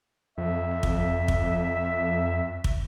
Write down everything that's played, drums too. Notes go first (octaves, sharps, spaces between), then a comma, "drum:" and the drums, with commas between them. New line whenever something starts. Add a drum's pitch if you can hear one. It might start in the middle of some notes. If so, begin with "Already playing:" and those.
F2 E5
drum: kick
drum: kick
drum: kick